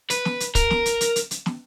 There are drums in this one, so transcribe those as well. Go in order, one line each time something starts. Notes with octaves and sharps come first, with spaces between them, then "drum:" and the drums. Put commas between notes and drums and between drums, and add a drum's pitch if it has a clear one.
B4, drum: hi-hat
drum: snare
drum: hi-hat
A#4, drum: kick, hi-hat
drum: snare
drum: hi-hat
drum: hi-hat
drum: hi-hat
drum: hi-hat
drum: snare